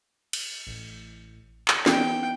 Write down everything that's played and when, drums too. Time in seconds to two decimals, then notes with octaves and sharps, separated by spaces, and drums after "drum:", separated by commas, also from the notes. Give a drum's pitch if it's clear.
0.33 drum: cymbal
0.67 A1
1.68 drum: clap
1.86 E3 B3 D#4 G5, drum: snare